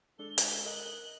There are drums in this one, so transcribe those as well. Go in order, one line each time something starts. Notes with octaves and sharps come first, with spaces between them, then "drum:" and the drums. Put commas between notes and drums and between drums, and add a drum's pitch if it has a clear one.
G#3 D4 A4 G7
drum: hi-hat
A#4 D#5 F#6